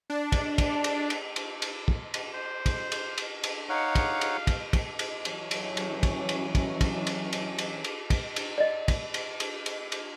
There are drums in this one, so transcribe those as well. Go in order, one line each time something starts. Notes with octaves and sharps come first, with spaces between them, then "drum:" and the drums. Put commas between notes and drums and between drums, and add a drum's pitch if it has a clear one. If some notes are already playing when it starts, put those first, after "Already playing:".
D4
drum: kick, cymbal
drum: kick, cymbal
drum: cymbal
drum: cymbal
drum: cymbal
drum: cymbal
drum: kick
drum: cymbal
C5
drum: kick, cymbal
drum: cymbal
drum: cymbal
drum: cymbal
D#4 C#5 F5 F#5
drum: kick, cymbal
drum: cymbal
drum: kick, cymbal
drum: kick, cymbal
drum: cymbal
E3 F#3 C#4, drum: cymbal
drum: cymbal
drum: cymbal
drum: kick, cymbal
drum: cymbal
drum: kick, cymbal
drum: kick, cymbal
drum: cymbal
drum: cymbal
drum: cymbal
drum: cymbal
drum: kick, cymbal
drum: cymbal
D5 D#5
drum: kick, cymbal
drum: cymbal
drum: cymbal
drum: cymbal
drum: cymbal